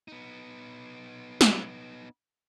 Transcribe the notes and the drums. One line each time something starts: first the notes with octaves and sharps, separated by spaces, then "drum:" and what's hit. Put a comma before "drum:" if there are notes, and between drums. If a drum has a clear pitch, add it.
B3 D#4
drum: snare